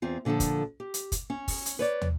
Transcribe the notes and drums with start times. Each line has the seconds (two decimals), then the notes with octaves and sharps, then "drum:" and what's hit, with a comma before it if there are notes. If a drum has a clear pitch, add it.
0.02 E2 C4 F4
0.25 A#2 D3 F3 A4 A5
0.40 drum: kick, hi-hat
0.80 G4
0.94 drum: hi-hat
1.12 drum: kick, hi-hat
1.30 C#4
1.48 drum: kick, open hi-hat
1.66 drum: hi-hat
1.79 B4 C#5 D5
2.02 drum: tom